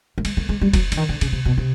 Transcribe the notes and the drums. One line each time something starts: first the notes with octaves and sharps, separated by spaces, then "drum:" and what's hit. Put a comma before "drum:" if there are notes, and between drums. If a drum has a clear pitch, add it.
A3
G#3, drum: cymbal
A3
G#3
G3
F#3, drum: kick, cymbal
D3, drum: cymbal
D#3
D3
C#3, drum: cymbal
C3
B2
C3